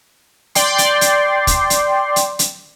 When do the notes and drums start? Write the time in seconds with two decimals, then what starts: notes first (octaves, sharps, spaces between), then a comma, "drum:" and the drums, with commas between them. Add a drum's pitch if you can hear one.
0.55 D5 G5 C6, drum: hi-hat
0.78 drum: hi-hat
1.01 drum: hi-hat
1.47 drum: kick, hi-hat
1.70 drum: hi-hat
2.16 drum: hi-hat
2.39 drum: hi-hat